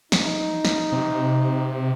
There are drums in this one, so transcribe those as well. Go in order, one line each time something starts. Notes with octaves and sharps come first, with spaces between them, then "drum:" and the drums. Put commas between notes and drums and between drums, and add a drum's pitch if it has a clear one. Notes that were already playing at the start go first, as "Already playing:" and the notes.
D#4, drum: snare
drum: snare
C3